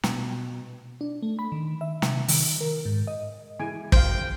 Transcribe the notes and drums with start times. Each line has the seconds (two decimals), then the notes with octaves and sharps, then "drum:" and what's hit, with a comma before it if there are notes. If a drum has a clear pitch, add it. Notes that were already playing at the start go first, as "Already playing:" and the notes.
0.04 B2, drum: snare
1.01 D4
1.23 A3
1.39 B5
1.52 D#3
1.81 E5
2.02 C3, drum: snare
2.28 D#3, drum: open hi-hat
2.61 A#4
2.85 G#2
3.07 D#5
3.60 E3 G#3 G#5 D7
3.92 F#2 D#3 C5 F5 G5, drum: kick